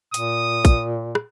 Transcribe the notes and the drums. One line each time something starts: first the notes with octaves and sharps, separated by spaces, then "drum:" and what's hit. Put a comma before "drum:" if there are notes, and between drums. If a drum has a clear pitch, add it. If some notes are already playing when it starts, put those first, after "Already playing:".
A#2 D#6, drum: hi-hat
drum: kick, hi-hat
drum: rim click